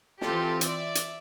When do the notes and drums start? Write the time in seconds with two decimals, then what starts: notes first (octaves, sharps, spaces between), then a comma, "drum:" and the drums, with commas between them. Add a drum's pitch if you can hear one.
0.21 E3 C4 F4 G4 A4, drum: snare
0.61 D5 E5, drum: hi-hat
0.95 drum: hi-hat